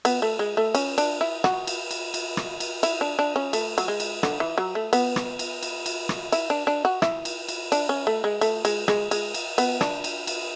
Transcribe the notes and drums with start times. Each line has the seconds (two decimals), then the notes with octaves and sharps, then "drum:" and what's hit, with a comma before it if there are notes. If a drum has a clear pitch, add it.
0.05 B3, drum: cymbal
0.22 A3
0.39 G#3
0.57 A3
0.75 C#4, drum: cymbal
0.98 D4, drum: cymbal
1.21 E4
1.44 F#4, drum: rim click
1.67 drum: cymbal
1.91 drum: cymbal
2.14 drum: cymbal
2.37 drum: rim click
2.60 drum: cymbal
2.83 E4, drum: cymbal
3.01 D4
3.19 D4
3.36 C#4
3.53 A3, drum: cymbal
3.78 F#3, drum: cymbal
3.88 G#3
4.00 drum: cymbal
4.23 D3, drum: rim click
4.40 E3
4.58 F#3
4.75 A3
4.93 B3, drum: cymbal
5.16 drum: rim click
5.39 drum: cymbal
5.63 drum: cymbal
5.86 drum: cymbal
6.09 drum: rim click
6.32 E4, drum: cymbal
6.50 D4
6.67 D4
6.85 F#4
7.02 E4, drum: rim click
7.25 drum: cymbal
7.48 drum: cymbal
7.72 D4, drum: cymbal
7.89 C#4
8.07 A3
8.24 G#3
8.41 A3, drum: cymbal
8.65 G#3, drum: cymbal
8.88 G#3, drum: rim click
9.11 G#3, drum: cymbal
9.34 drum: cymbal
9.58 B3, drum: cymbal
9.81 D4, drum: rim click
10.04 drum: cymbal
10.27 drum: cymbal